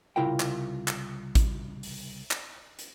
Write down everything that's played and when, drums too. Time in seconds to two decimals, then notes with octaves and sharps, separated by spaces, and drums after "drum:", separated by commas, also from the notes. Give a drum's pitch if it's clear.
0.16 C2 C#3 E4 F4 A#4 G5
0.40 drum: clap
0.88 drum: clap
1.35 drum: kick A1, hi-hat
1.83 drum: open hi-hat
2.31 drum: clap
2.79 drum: hi-hat